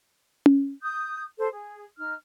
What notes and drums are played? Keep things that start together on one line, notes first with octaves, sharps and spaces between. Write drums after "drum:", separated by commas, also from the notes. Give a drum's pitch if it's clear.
drum: tom C#4
D#6 G6
A4 C5
G#4
D#4 F6